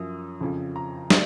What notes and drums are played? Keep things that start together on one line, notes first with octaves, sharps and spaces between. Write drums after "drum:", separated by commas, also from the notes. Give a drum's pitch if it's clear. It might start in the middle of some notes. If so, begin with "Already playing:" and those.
Already playing: F#2 F3 D#6
F2 C#3 F3
A#5
F#3, drum: snare